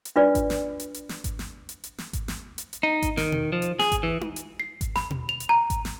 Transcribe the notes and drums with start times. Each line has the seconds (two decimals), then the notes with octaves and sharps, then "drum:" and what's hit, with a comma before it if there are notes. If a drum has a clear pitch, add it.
0.05 drum: hi-hat
0.16 D4 F4 B4 D5
0.35 drum: kick G#1, hi-hat
0.50 drum: snare
0.80 drum: hi-hat
0.94 drum: hi-hat
1.09 drum: snare
1.24 drum: kick G#1, hi-hat
1.39 drum: snare
1.69 drum: hi-hat
1.84 drum: hi-hat
1.98 drum: snare
2.13 drum: kick G#1, hi-hat
2.28 drum: snare
2.58 drum: hi-hat
2.73 drum: hi-hat
2.83 D#4
3.02 drum: kick G#1, hi-hat
3.17 D#3, drum: snare
3.32 drum: tom B2
3.52 F3
3.62 drum: hi-hat
3.79 G#4, drum: snare
3.92 drum: kick G#1, hi-hat
4.03 E3
4.21 drum: tom D#4
4.36 drum: hi-hat
4.60 C7
4.81 drum: kick G#1, hi-hat
4.96 B5, drum: snare
5.10 drum: tom B2
5.29 F7
5.40 drum: hi-hat
5.49 A#5
5.70 drum: kick G#1, hi-hat
5.85 drum: snare